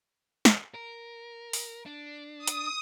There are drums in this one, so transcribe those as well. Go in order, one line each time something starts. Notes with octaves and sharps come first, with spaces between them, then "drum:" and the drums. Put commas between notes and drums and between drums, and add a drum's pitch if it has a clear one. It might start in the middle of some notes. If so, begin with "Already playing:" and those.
drum: snare
A#4
drum: open hi-hat
D4
D#6
drum: hi-hat